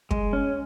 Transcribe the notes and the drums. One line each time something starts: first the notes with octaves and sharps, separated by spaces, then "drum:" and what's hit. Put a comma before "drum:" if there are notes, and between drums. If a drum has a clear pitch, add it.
G#3, drum: kick
C#4